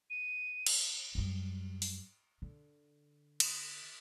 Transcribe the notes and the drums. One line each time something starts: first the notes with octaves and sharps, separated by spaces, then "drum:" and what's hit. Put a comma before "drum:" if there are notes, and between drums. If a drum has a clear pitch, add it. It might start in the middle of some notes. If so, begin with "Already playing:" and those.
D#7
drum: cymbal
F#2 G3
drum: open hi-hat
D3
drum: cymbal